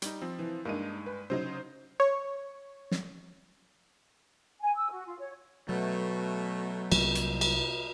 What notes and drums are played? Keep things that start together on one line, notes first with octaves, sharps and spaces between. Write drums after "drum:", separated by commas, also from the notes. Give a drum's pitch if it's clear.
G3 D#4, drum: hi-hat
F3 C4
E3
G2 G#3 A#3 D4 D#4 D#7
B4
C#3 F#3 D#4 C5
C#5
drum: snare
G#5
E6
F#4
F4
C#5
B2 F#3 A3
C2 F#3 G3 A#3, drum: cymbal
drum: hi-hat
drum: cymbal